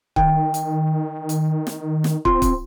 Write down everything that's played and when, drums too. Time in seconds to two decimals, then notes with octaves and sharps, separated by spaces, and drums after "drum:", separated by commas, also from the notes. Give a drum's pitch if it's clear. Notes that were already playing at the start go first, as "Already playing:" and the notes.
0.16 D#3 G5, drum: kick
0.54 drum: hi-hat
1.29 drum: hi-hat
1.67 drum: snare
2.04 drum: snare
2.25 C4 F4 C6, drum: kick
2.42 drum: kick, hi-hat